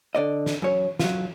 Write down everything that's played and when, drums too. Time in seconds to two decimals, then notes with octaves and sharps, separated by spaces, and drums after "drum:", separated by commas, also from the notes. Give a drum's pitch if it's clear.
0.15 D3 D5 D#5
0.46 drum: snare
0.62 F#2 C#5
0.99 F#3 F4, drum: snare